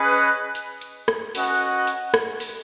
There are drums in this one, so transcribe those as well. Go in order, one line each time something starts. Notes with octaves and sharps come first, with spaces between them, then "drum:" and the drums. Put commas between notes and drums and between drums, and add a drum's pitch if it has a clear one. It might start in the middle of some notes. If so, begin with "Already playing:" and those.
Already playing: C#4 G#4 B4 D#5
drum: hi-hat
drum: hi-hat
drum: rim click
C#4 F#4 B4 D#5 F#5, drum: open hi-hat
drum: hi-hat
drum: rim click
drum: open hi-hat